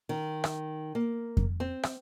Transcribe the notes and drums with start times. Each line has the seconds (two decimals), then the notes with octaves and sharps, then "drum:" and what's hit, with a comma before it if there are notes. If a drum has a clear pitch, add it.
0.09 D#3
0.44 drum: rim click
0.95 A#3
1.37 drum: kick F2
1.60 C4
1.83 drum: rim click